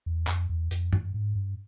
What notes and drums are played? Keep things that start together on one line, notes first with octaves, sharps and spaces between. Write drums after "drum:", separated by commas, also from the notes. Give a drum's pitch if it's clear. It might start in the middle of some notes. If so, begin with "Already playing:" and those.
E2
F2, drum: clap
E2
F2, drum: hi-hat
G2, drum: tom F#2
G#2
G2